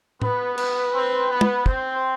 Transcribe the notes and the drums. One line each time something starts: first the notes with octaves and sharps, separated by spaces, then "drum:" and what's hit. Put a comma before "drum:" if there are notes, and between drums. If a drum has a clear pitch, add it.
B3 B4, drum: tom A2
B4, drum: cymbal
C4
B3
drum: tom
C4 C5, drum: kick